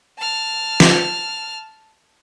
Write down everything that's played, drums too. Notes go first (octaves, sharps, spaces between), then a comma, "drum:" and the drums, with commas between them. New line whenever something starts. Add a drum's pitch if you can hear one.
A5 F6
drum: snare